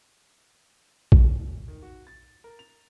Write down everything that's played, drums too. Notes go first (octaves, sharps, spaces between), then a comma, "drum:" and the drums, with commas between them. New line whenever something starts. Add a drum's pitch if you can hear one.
drum: kick A#1
D#3
F#4
A6
A#4
F7